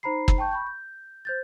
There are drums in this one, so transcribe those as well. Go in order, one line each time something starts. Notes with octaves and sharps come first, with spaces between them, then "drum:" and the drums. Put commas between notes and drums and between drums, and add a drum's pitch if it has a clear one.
D#4 C5 A#5 B5 C7
drum: kick
G5 A5 C#6 G6
B5 C#6 G6
G6
C5 G6 A6